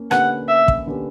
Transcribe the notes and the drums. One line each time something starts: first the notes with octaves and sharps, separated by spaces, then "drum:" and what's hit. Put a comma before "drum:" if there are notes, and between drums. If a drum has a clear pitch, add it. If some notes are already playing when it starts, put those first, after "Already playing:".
Already playing: A#3 C#4
D3 A#3 C#4 G4 B4 F#5, drum: rim click
E5
drum: kick
D3 A#3 C#4 G4 B4